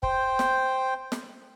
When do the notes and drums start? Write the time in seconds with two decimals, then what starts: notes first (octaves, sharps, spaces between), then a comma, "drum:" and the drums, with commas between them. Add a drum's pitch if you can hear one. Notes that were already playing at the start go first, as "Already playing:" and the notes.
0.03 C5 G5, drum: kick
0.39 drum: snare
1.12 drum: snare